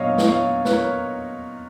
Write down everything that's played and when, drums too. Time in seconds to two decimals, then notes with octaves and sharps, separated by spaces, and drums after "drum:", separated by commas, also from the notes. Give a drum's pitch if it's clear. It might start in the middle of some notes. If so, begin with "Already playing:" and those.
Already playing: A#2 F#3 B3 C#5 D#5 F5
0.18 drum: snare
0.27 C#5 F5
0.65 B4, drum: snare
0.72 A#4 C#5